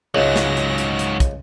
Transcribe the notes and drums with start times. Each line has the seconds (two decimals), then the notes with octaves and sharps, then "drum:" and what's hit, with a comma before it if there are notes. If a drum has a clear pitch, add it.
0.15 C#2 G#2 C#3 F#3 A#6
0.36 drum: snare
0.57 drum: hi-hat
0.78 drum: hi-hat
0.99 drum: hi-hat
1.20 drum: kick, hi-hat